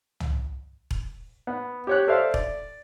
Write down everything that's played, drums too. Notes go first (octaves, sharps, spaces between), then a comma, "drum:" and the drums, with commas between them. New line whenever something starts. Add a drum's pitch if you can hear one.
drum: tom
drum: kick E1
B3
G4 C#5 F#6
A4 C5 D5 E5 F5
D5, drum: kick E1